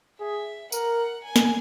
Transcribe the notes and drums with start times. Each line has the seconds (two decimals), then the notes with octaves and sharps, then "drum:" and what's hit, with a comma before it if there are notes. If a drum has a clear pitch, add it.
0.20 G#4 E5
0.72 A#4 F#5, drum: tambourine
1.25 G#5
1.36 drum: snare